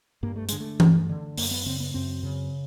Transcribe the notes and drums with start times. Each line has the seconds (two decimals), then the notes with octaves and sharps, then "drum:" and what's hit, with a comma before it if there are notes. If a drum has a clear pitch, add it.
0.23 G2 A#3
0.36 A3
0.49 D3 G#3, drum: hi-hat
0.60 A3
0.80 G2, drum: tom E3
1.09 D3
1.38 F#2 A#3, drum: open hi-hat
1.51 B3
1.66 C#3 C4
1.80 B3
1.94 F#2 C4
2.23 C#3